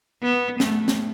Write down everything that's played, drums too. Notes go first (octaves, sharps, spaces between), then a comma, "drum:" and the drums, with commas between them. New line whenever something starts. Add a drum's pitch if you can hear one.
B3
A3, drum: snare
drum: snare